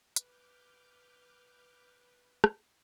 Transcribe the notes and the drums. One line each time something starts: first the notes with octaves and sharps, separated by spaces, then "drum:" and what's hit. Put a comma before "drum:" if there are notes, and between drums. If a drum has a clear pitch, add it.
B4 D6 F6 G6, drum: hi-hat
drum: rim click